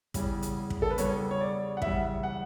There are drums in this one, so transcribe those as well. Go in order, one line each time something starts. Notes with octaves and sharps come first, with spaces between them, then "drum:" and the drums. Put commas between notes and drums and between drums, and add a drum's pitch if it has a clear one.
E2 C#3 E3 G3, drum: kick, hi-hat
drum: hi-hat
drum: kick
A4
B4
E2 C#3 E3 G3 C#5, drum: hi-hat
C#5
D5
F#5
E2 C#3 E3 G3 E5, drum: kick
F#5